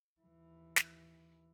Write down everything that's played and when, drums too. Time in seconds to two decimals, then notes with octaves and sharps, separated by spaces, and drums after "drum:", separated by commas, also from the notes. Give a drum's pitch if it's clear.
0.21 D#2 E3
0.76 drum: snare